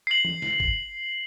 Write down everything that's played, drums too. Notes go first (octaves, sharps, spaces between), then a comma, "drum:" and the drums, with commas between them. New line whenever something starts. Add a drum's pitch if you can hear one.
C7 F#7
drum: tom
drum: snare
drum: kick